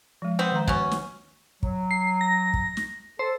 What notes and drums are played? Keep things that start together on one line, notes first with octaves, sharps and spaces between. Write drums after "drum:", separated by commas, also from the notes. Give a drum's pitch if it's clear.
F3 G#3
B3 C4
D#3 G#3 A#5
B2 C#4, drum: kick
drum: snare
F#3, drum: kick
C7
A#6
drum: kick
drum: snare
A4 C5